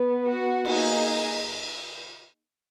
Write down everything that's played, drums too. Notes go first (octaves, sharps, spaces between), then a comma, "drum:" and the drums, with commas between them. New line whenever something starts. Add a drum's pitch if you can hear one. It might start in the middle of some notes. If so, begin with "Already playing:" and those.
Already playing: B3
F#4 F#5
A#3 D#4 G#4, drum: cymbal